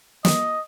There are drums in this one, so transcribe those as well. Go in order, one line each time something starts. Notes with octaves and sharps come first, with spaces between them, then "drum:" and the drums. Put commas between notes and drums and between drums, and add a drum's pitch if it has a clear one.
D#5, drum: snare